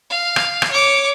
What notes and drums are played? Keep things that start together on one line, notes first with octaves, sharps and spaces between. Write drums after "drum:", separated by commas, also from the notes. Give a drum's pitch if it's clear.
F5
drum: rim click
drum: rim click
C#5 D6